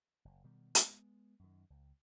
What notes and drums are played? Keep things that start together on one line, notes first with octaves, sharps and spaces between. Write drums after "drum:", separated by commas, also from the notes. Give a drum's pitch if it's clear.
F#1
B2 D#3 G3
G#3 B3, drum: hi-hat
F#2 D#3
C#2